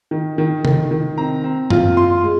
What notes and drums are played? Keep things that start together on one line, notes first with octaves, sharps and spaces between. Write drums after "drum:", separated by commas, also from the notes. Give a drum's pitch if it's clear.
D#3
D#3
D#3, drum: tom C3
D#3
C4 A#5
C4
F4, drum: tom F#2
F4 C6
G#3